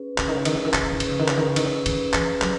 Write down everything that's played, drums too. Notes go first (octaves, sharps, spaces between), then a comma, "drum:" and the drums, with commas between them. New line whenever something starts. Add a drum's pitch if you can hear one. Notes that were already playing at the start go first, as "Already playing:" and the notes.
Already playing: C#4 G#4 B4
C#3 C#4 G#4 B4, drum: clap
D#3
C#3
D#3, drum: cymbal
C#3
D#3
C#3, drum: clap
D#3
C#3
D#3 C#4 G#4 B4, drum: cymbal
C#3
D#3
C#3, drum: clap
D#3
C#3
D#3, drum: cymbal
C#3
D#3 C#4 G#4 B4, drum: cymbal
E3, drum: clap
F#3, drum: clap